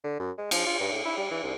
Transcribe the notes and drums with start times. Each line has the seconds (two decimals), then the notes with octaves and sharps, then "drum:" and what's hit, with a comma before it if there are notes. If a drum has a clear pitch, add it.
0.04 D3
0.20 F#2
0.38 G#3
0.51 F3, drum: cymbal
0.66 F4
0.80 G2
0.92 A2
1.05 E4
1.17 G3
1.31 E3
1.43 C2